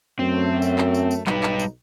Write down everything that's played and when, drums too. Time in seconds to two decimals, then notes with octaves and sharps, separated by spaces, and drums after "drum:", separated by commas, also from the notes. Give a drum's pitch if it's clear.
0.19 F#2 A3 C4
0.62 drum: tambourine
0.78 drum: clap
0.94 drum: tambourine
1.11 drum: tambourine
1.27 B1 G3 D#4 B4, drum: clap
1.43 drum: clap
1.59 drum: tambourine